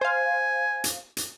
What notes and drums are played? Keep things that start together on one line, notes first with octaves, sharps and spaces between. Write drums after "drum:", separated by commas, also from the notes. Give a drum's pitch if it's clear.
C5 F5 G#5
drum: hi-hat
drum: hi-hat